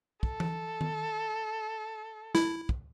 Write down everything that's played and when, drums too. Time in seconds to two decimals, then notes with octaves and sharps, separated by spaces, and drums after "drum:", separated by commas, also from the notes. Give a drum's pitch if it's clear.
0.23 A4, drum: kick
0.40 drum: tom E3
0.81 drum: tom D#3
2.35 E4, drum: snare
2.69 drum: kick